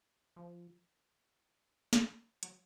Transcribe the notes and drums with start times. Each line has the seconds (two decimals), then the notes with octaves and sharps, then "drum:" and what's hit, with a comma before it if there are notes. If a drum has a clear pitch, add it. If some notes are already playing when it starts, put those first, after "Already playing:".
0.36 F3
1.93 drum: snare
2.43 F#3, drum: hi-hat